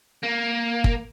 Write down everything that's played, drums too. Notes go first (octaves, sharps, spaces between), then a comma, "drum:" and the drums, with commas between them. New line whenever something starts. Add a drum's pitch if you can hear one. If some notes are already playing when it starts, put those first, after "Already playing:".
A#3
drum: kick